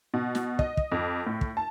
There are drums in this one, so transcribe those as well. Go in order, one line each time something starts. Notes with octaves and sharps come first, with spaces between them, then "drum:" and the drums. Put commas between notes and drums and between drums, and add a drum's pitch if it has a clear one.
B2
drum: snare
D#5, drum: kick
drum: kick
F2
A2
drum: kick
A5